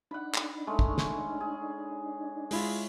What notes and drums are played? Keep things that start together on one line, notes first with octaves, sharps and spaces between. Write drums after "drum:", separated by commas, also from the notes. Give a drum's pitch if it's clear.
D4 D#4 F#5 B5
drum: clap
G#3 A3 C#4
drum: kick
drum: snare
G#4
G#3 E4 F4 G#4, drum: open hi-hat